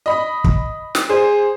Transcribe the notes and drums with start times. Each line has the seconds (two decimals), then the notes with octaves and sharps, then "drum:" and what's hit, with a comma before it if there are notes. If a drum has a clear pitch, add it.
0.06 D#5 B5
0.44 drum: kick
0.95 drum: snare
1.10 G#4 C5